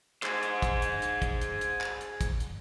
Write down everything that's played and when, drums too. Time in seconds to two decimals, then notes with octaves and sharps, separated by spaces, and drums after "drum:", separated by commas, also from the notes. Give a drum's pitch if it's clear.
0.23 G#4 C5, drum: clap
0.43 drum: hi-hat
0.62 drum: kick, hi-hat
0.82 drum: hi-hat
1.02 drum: hi-hat
1.22 drum: kick, hi-hat
1.42 drum: hi-hat
1.61 drum: hi-hat
1.81 drum: clap
2.01 drum: hi-hat
2.21 drum: kick, hi-hat
2.40 drum: hi-hat